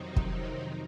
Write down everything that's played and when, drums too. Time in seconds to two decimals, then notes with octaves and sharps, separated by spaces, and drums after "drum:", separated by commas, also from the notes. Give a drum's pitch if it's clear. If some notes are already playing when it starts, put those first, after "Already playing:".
Already playing: F2 C3 D#3 F#3 C4 D#4
0.16 drum: kick